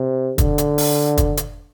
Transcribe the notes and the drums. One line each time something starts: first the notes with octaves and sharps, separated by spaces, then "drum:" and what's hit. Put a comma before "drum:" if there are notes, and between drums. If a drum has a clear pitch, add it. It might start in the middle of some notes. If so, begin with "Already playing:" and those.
Already playing: C3
D3, drum: kick, hi-hat
drum: hi-hat
drum: open hi-hat
drum: kick, hi-hat
drum: hi-hat